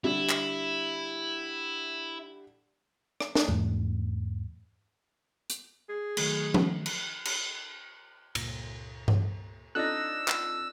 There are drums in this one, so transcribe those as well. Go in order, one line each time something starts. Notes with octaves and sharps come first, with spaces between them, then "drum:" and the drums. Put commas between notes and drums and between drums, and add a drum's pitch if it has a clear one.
D3 G3 E4
drum: clap
drum: rim click
drum: snare
E2 G#2 A3
drum: hi-hat
G#4
D#3 F#3 A3, drum: cymbal
drum: tom F3
drum: cymbal
drum: cymbal
C#2 G2 A#2, drum: cymbal
drum: tom G2
C4 D4 D#4 F4 A4 E6 F#6 A#6
drum: clap